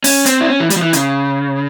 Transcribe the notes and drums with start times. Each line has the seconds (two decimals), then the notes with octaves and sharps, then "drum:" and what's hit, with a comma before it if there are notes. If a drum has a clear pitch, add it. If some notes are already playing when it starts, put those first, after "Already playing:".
0.04 C#4, drum: open hi-hat
0.26 C4, drum: hi-hat
0.41 E4
0.49 C#4
0.60 E3
0.70 G3, drum: hi-hat
0.77 F3
0.82 E3
0.93 C#3, drum: hi-hat